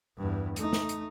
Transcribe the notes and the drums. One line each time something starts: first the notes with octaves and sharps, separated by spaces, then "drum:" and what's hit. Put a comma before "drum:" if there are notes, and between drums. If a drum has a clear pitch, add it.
E2 G2
A3 D#4, drum: hi-hat
drum: snare
drum: hi-hat